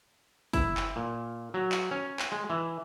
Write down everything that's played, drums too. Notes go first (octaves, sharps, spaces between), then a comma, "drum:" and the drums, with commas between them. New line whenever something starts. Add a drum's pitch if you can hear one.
E4, drum: kick, hi-hat
drum: clap
A#2
F#3
drum: clap
C#4
drum: clap
G#3
E3